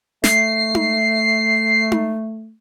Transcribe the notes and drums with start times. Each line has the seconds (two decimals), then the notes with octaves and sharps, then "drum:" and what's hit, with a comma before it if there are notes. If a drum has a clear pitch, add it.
0.24 A3 C7, drum: snare
0.75 drum: tom D#4
1.92 drum: tom D#4